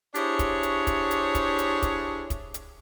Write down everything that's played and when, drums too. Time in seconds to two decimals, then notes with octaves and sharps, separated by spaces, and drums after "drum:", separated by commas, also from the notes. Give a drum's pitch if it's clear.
0.15 D4 E4 G4 G#4 C5 C#5, drum: hi-hat
0.39 drum: kick, hi-hat
0.63 drum: hi-hat
0.87 drum: kick, hi-hat
1.11 drum: hi-hat
1.35 drum: kick, hi-hat
1.59 drum: hi-hat
1.82 drum: kick, hi-hat
2.30 drum: kick, hi-hat
2.54 drum: hi-hat